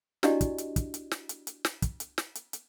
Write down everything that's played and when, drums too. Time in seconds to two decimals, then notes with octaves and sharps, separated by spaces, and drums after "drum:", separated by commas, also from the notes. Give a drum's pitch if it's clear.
0.23 D4 E4 F#4 G4 D5 D#5, drum: snare
0.41 drum: kick, hi-hat
0.58 drum: hi-hat
0.76 drum: kick, hi-hat
0.94 drum: hi-hat
1.11 drum: snare
1.29 drum: hi-hat
1.47 drum: hi-hat
1.65 drum: snare
1.82 drum: kick, hi-hat
2.00 drum: hi-hat
2.18 drum: snare
2.35 drum: hi-hat
2.53 drum: hi-hat